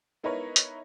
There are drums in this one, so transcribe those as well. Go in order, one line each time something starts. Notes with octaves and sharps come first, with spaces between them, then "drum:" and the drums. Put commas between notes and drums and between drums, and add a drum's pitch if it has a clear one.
B3 D#4 E4 A#4 B4 C#5
drum: hi-hat